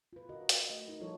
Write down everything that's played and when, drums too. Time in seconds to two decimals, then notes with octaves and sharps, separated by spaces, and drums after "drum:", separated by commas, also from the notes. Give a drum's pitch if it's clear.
0.13 F4 B4
0.29 D3 F#4 A#4 D#5
0.49 F#4, drum: hi-hat
0.70 A3 D#5
0.88 D#4 E4 A#4
1.00 E3 F3 G3 F4 A4 C#5